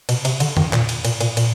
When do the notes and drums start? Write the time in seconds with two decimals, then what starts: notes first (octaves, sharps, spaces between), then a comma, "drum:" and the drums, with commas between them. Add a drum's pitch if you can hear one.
0.09 B2, drum: cymbal
0.25 C3, drum: cymbal
0.40 D3, drum: cymbal
0.57 D#3, drum: tom E2
0.73 A#2, drum: clap
0.89 drum: cymbal
1.05 A#2, drum: cymbal
1.21 A#2, drum: cymbal
1.37 A#2, drum: cymbal